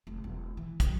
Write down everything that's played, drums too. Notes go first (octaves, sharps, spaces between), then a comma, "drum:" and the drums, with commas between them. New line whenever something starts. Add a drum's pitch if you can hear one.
F1
E1
E3
C3 F#3, drum: kick, hi-hat